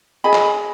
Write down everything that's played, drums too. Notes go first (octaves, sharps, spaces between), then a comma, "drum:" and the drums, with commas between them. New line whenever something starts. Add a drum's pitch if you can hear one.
G#4 D#5 G#5 B5
drum: clap